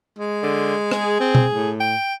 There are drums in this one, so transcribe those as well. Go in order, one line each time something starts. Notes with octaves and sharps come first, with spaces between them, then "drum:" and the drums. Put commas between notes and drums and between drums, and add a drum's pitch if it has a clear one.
G#3
D3
G#4, drum: rim click
C4
drum: tom B2
A2
G5